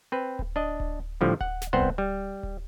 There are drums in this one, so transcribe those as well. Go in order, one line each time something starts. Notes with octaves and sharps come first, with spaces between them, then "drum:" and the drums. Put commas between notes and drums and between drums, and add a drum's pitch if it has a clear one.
C4 B4
drum: kick D1
D4 D#5
drum: kick D1
A2 D3 F3 G3
F#5, drum: kick D1
drum: snare
C2 B3 C4 C5 F#5
drum: kick D1
G3
drum: kick D1